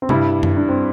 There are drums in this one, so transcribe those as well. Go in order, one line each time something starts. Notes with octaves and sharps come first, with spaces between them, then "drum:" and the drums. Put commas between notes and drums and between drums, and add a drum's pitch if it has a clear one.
C4
G2 G3 D4 E4, drum: tom C3
drum: tom F#2
D4
C4